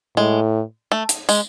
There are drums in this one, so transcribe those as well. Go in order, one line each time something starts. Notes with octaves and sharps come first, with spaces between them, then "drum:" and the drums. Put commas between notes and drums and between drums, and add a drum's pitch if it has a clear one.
A2 G#3
A3
drum: hi-hat
G#3, drum: tambourine